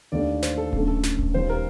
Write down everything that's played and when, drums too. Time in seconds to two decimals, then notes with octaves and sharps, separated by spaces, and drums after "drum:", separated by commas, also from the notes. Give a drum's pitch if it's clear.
0.12 D#2 D3 A3 D5
0.42 C5, drum: snare
0.58 A4
0.73 F#1 F#2 D3 A3, drum: kick D1
0.88 A4
1.03 drum: snare
1.19 drum: kick D1
1.34 D#2 D#3 G3 C5
1.50 A#4